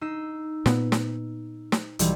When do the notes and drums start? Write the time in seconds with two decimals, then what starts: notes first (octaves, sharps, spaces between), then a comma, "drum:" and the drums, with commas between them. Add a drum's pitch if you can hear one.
0.01 D#4 E6 C7
0.66 A#2 B3, drum: snare
0.92 drum: snare
1.72 drum: snare
1.99 B1 E3 G3, drum: hi-hat